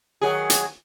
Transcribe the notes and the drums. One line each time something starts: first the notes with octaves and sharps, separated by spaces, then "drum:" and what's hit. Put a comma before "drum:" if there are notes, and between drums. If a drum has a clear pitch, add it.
D#3 F#3 G#4
drum: hi-hat